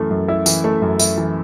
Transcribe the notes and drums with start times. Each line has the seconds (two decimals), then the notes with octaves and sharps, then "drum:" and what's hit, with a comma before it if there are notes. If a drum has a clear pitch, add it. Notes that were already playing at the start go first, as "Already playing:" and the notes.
Already playing: F#2 E3 A3
0.10 F#2
0.28 E4
0.46 E3, drum: tambourine
0.64 A3
0.82 F#2
1.00 E4, drum: tambourine
1.18 E3